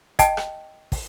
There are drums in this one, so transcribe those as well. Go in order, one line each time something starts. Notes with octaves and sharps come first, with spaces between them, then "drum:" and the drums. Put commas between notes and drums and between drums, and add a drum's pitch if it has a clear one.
D#5 G5 A5, drum: kick, hi-hat
drum: rim click
drum: kick, open hi-hat